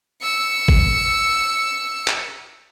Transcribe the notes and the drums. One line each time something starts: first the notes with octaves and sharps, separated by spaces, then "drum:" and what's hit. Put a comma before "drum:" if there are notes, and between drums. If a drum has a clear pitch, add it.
E6 C#7
drum: kick
drum: clap